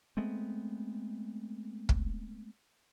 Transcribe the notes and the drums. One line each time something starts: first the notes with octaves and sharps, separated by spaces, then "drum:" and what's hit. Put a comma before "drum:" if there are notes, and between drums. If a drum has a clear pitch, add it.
G#3 A3 B3 C4
drum: kick